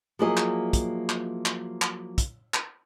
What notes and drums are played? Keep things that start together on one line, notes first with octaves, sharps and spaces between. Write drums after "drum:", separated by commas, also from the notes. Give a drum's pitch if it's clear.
F3 F#3 A#3 E4 G#4 D#5
drum: clap
drum: kick, hi-hat
drum: clap
drum: clap
drum: clap
drum: kick, hi-hat
drum: clap